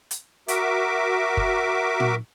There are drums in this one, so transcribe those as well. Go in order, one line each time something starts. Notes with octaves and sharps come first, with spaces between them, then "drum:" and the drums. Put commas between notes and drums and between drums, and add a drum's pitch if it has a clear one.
drum: hi-hat
F#4 A#4 E5 D6, drum: hi-hat
drum: kick
drum: tom A#2